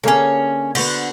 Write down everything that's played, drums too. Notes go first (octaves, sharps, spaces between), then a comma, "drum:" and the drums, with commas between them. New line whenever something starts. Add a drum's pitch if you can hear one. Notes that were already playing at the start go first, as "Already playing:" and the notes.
D3 A#3 C#4 G#4 C#5
D3 B3 F#4 C5, drum: cymbal